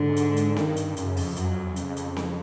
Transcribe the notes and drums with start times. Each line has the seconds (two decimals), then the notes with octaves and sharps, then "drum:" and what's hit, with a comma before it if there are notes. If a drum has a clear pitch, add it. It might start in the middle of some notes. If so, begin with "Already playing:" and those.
Already playing: G#2 D3
0.16 drum: hi-hat
0.36 drum: hi-hat
0.56 G2 D#3, drum: snare C4
0.76 drum: hi-hat
0.97 F#2 C#3, drum: hi-hat
1.17 F2, drum: open hi-hat
1.36 F#2 F#3, drum: hi-hat
1.49 F2
1.63 E2
1.76 F2 C#3, drum: hi-hat
1.96 drum: hi-hat
2.16 drum: snare C4